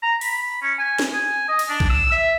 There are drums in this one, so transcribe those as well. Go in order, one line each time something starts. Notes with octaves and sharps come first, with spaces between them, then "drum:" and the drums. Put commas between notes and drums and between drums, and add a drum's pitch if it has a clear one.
A#5
B5, drum: open hi-hat
C#4
G#5
drum: snare
G#5
D#5
drum: cymbal
D4
drum: kick A#1
E6
E5